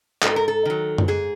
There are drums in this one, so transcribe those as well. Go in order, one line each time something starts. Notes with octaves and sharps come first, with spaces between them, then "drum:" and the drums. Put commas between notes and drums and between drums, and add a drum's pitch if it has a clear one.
G#2 A4, drum: clap
A#4
A4
D#3 F#3
drum: tom F#2
G#2 G#4